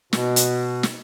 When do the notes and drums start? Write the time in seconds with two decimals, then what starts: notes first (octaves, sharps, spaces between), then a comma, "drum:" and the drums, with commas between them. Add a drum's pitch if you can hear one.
0.13 B2, drum: snare
0.36 drum: hi-hat
0.83 drum: snare